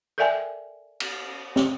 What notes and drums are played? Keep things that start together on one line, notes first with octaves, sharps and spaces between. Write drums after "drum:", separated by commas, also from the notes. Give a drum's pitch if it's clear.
A4 A#4 D5 E5 G5 G#5
drum: cymbal
drum: snare